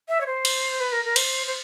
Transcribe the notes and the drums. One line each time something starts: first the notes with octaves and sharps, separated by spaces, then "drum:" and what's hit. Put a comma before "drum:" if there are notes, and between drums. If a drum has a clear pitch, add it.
E5
C#5
C5
drum: cymbal
B4
A#4
A#4
C5, drum: cymbal
C5